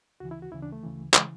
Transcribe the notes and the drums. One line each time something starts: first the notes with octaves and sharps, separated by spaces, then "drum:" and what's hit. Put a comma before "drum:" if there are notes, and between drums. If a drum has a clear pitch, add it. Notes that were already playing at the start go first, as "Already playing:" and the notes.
D2 C#3 E3 F#4
E4
F#4
D2 C#3 E3 E4
D4
A3
D2 C#3 E3
C#3 E3 G#3, drum: clap